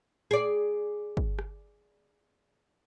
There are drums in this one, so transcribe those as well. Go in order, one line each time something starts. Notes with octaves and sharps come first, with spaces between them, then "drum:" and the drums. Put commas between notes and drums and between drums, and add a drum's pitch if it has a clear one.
G#4 D5
drum: kick
drum: rim click